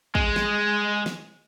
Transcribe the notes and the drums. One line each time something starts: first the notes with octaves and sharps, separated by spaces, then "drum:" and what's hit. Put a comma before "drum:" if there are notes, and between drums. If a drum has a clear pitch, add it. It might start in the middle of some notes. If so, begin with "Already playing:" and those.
G#3, drum: kick
drum: snare
drum: snare